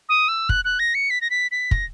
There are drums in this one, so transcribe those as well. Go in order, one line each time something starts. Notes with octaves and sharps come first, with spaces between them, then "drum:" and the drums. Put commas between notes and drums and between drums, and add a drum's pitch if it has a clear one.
D#6
E6
F#6, drum: kick
F#6
A#6
C#7
B6
A#6
B6
B6
A#6, drum: kick